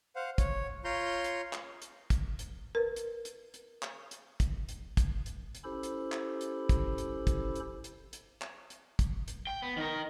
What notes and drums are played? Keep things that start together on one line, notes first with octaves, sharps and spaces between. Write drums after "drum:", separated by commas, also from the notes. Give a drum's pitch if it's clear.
C5 F5 F#5
C#5, drum: kick, hi-hat
F4 C#5 A#5 C6 G6
drum: hi-hat
drum: clap
drum: hi-hat
drum: kick, hi-hat
drum: hi-hat
A#4 B4
drum: hi-hat
drum: hi-hat
drum: hi-hat
drum: clap
drum: hi-hat
drum: kick, hi-hat
drum: hi-hat
drum: kick, hi-hat
drum: hi-hat
drum: hi-hat
C#4 E4 G4 A4 C5 B5
drum: hi-hat
drum: clap
drum: hi-hat
drum: kick, hi-hat
drum: hi-hat
drum: kick, hi-hat
drum: hi-hat
drum: hi-hat
drum: hi-hat
drum: clap
drum: hi-hat
drum: kick, hi-hat
drum: hi-hat
G5
B3
D#3 A#4